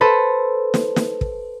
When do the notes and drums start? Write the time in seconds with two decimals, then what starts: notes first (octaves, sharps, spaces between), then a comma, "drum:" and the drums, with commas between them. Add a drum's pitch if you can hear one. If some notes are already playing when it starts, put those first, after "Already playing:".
0.01 A4 B4 C5
0.74 drum: snare
0.96 drum: snare
1.21 drum: kick